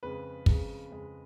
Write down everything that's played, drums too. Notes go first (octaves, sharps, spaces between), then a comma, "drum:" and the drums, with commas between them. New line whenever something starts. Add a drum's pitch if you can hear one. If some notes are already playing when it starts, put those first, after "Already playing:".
F2 C#3 G#3 B4
F2 C#3 G#3, drum: kick
F2 C#3 G#3